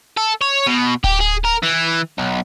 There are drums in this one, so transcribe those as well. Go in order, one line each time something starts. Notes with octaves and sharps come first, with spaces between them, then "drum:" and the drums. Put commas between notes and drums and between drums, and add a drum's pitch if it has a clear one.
A4
C#5
B2
G4, drum: kick D1
G#4
A#4
E3
B1